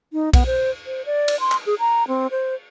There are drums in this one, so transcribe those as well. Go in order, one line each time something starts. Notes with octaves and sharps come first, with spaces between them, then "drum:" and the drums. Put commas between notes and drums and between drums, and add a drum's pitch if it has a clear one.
D#4
B3, drum: kick B1, cymbal
C5
C5
D5
drum: cymbal
C6
drum: clap
G#4
A#5
C4
C5